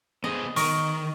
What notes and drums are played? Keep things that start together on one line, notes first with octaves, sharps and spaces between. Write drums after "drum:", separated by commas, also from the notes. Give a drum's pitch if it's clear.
B3 G#4 C5 D#5
D#3 A#4 D#5 C#6, drum: open hi-hat